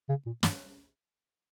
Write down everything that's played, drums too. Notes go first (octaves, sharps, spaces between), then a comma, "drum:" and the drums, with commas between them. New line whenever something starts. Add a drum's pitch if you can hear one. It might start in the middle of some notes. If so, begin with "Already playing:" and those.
C#3
A#2
G2, drum: snare